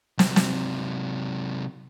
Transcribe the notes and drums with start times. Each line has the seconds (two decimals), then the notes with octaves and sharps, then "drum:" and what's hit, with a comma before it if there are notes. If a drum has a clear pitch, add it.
0.19 C3 F#3, drum: snare
0.36 drum: snare